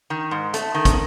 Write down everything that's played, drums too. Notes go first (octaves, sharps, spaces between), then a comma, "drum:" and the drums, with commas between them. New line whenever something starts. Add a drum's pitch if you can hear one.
D#3
G#2
A3, drum: hi-hat
D#3
drum: kick, hi-hat